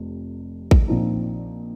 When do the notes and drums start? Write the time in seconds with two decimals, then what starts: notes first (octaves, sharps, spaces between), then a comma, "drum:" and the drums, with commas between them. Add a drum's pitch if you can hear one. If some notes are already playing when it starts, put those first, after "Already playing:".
Already playing: F1 F2 C3
0.71 drum: kick A1
0.88 A#1 A#2 F3 C4 D#4